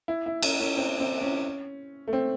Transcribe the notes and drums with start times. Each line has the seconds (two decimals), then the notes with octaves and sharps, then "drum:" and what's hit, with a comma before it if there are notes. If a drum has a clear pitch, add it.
0.08 E4
0.26 E4
0.42 C#4, drum: cymbal
0.60 C#4
0.77 C4
1.00 C4
1.22 C#4
2.08 A3
2.13 C4